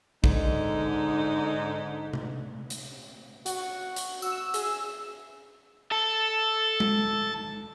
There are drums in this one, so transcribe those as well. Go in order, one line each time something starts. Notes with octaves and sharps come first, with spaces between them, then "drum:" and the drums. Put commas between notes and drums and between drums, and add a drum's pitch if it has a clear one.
G#2 D3 D#4, drum: kick
drum: tom C3
drum: hi-hat
F#4, drum: hi-hat
drum: hi-hat
F#4 E6, drum: tambourine
G#4, drum: hi-hat
A4 A5
drum: tom G#3